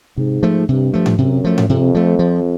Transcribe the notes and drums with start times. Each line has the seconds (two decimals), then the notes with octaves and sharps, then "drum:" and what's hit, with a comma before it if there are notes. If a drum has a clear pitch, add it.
0.17 G#2 C3
0.43 F3 A3
0.68 G2 C3
0.93 F3 A3
1.06 drum: tom G#2
1.18 F#2 C3
1.44 F3 A3
1.58 drum: tom G#2
1.69 F2 C3
1.95 F3 A3
2.19 F3